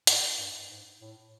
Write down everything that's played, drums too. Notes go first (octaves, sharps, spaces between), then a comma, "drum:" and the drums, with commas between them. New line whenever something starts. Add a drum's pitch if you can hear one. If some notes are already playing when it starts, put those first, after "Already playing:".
G#2, drum: hi-hat
G2
G#2
A2